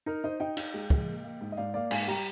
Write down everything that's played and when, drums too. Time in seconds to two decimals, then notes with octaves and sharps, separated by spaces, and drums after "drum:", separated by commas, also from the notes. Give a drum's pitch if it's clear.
0.06 D#4 A#4
0.24 D#4 C5 D#5
0.40 D#4 D#5 G5
0.57 D#4, drum: cymbal
0.74 G#3
0.90 G#3, drum: kick
1.07 A#3
1.24 A#3
1.41 G#2
1.52 D#5
1.57 G#2 D5 F5
1.74 A#3 D5 F5
1.91 G#2 F5 G#5, drum: cymbal
2.08 G3 G5 A#5